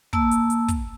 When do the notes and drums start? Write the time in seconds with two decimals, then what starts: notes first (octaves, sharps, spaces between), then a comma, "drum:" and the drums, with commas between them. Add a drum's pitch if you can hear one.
0.13 A#3 A5 E6, drum: kick
0.31 drum: hi-hat
0.50 drum: hi-hat
0.68 drum: kick, hi-hat